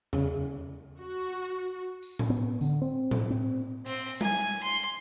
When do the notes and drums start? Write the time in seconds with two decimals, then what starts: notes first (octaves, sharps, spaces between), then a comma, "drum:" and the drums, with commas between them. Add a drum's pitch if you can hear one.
0.13 C#3, drum: tom E2
1.00 F#4
2.02 drum: tambourine
2.19 drum: tom A2
2.30 B3
2.61 D3, drum: tambourine
2.82 C4
3.11 drum: tom A2
3.30 C4
3.86 C4, drum: cymbal
4.21 G#5, drum: tom G3
4.63 C6